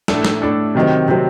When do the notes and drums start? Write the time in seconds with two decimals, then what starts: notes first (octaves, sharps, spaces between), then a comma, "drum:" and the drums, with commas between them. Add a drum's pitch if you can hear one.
0.08 A2 A3 D4 A4, drum: snare
0.24 drum: snare
0.42 A2 A3 D4 A4
0.75 C3 D#3 F#3 C4
1.08 C3 D#3 F#3 C4